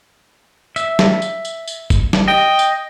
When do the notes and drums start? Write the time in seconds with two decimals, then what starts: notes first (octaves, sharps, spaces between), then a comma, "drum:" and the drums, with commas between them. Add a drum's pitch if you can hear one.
0.76 E5, drum: tambourine
0.99 drum: snare
1.22 drum: tambourine
1.45 drum: tambourine
1.67 drum: tambourine
1.90 drum: kick F#1, tambourine
2.13 drum: snare
2.28 D#5 G5
2.59 drum: tambourine